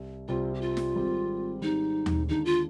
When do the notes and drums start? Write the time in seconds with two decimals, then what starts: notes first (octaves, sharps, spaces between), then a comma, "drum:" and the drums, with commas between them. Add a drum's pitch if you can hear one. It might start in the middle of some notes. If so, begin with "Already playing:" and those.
Already playing: C2
0.28 C2 C3 G3 C4 F4
0.54 G4
0.61 F4
0.77 drum: snare
0.95 G#1 G#2 G3 C4 G4
1.62 G#1 G#2 G3 C4 D#4 G4
2.06 drum: tom D#2
2.29 D#2 D3 G#3 D4 D#4
2.45 F4